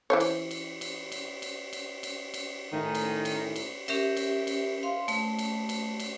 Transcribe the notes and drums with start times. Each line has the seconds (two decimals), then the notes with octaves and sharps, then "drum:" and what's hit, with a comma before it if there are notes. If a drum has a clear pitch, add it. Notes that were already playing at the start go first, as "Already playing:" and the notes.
0.10 E3 C5 C#5
0.20 drum: cymbal
0.51 drum: cymbal
0.81 drum: cymbal
1.12 drum: cymbal
1.42 drum: cymbal
1.73 drum: cymbal
2.03 drum: cymbal
2.34 drum: cymbal
2.73 A2 D#3 D#4 G#5
2.95 drum: cymbal
3.25 drum: cymbal
3.56 drum: cymbal
3.88 C#4 G4 A#4 E5, drum: cymbal
4.17 drum: cymbal
4.47 drum: cymbal
4.83 F5 C6
5.08 A3, drum: cymbal
5.39 drum: cymbal
5.69 drum: cymbal
6.00 drum: cymbal